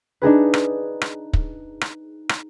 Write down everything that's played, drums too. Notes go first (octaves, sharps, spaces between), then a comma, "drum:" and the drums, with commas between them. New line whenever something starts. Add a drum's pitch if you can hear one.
D4 D#4 G#4 B4
drum: rim click
drum: rim click
drum: kick
drum: rim click
drum: rim click